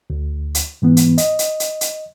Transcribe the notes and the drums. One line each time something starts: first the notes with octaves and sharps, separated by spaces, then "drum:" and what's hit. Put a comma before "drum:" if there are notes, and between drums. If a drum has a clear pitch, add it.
D2
drum: hi-hat
G#2 E3 B3
drum: hi-hat
D#5, drum: hi-hat
drum: hi-hat
drum: hi-hat
drum: hi-hat